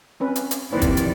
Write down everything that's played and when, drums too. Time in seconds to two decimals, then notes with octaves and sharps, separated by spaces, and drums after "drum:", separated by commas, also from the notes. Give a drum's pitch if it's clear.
0.20 C4 C#4 B4
0.36 drum: hi-hat
0.51 drum: hi-hat
0.72 F2 C3 D#3 E3 A#3 B4 C5 D5
0.81 drum: kick, hi-hat
0.97 drum: hi-hat